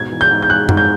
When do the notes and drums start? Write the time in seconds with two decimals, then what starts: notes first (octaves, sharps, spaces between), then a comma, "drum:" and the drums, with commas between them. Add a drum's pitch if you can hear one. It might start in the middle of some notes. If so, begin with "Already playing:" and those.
Already playing: G#2 B2 G#6
0.12 E3
0.21 G6
0.31 G#2
0.42 G6
0.49 G#3 F#6
0.69 G#2, drum: tom F#2
0.77 G6